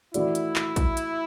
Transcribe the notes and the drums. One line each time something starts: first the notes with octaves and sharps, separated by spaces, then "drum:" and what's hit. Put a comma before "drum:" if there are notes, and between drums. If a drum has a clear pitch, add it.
E3 A3 E4 F#4 D5, drum: hi-hat
drum: hi-hat
drum: clap
drum: kick A#1, hi-hat
drum: hi-hat